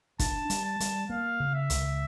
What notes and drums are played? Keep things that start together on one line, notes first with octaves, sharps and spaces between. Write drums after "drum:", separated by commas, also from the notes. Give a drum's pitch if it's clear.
D4 A5, drum: kick, hi-hat
G3, drum: hi-hat
A5
G3, drum: hi-hat
A#3 F5
C#3
E5
C#2, drum: hi-hat